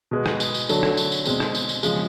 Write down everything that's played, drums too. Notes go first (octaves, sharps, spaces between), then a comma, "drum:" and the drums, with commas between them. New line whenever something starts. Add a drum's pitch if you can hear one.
B2 G#3 B3
drum: rim click
drum: tambourine
drum: tambourine
D3 F#3 A3, drum: tambourine
drum: rim click
drum: tambourine
drum: tambourine
B2 G#3 C4, drum: tambourine
drum: rim click
drum: tambourine
drum: tambourine
C#3 F3 G#3, drum: tambourine